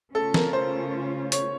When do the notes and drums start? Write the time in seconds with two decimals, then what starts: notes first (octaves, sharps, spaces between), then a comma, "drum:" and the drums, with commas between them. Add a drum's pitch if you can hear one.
0.15 C#3 A3 C#4 F4 A4
0.34 A#4, drum: snare
0.53 C5
1.32 C#5, drum: hi-hat